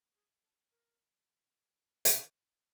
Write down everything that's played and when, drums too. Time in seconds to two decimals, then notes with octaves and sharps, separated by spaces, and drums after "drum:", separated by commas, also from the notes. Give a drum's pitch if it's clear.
0.14 G#4
0.42 A4
0.70 A#4
2.05 drum: hi-hat